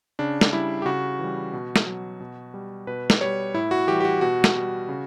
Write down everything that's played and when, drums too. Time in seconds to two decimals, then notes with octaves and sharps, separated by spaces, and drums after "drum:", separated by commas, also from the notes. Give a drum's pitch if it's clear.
0.19 C#3 D4
0.41 drum: snare
0.53 G3 E4
0.82 G4
0.86 C#3 F#4
1.19 E3 G3
1.53 B2
1.76 drum: snare
1.86 F#3
2.20 B2
2.54 G3
2.87 B2 B4
3.10 drum: snare
3.21 G3 C#5
3.54 A2 E4
3.71 F#4
3.88 E3 G3 G4
4.00 G4
4.05 F#4
4.21 B2 F#4
4.44 drum: snare
4.55 G3
4.89 C#3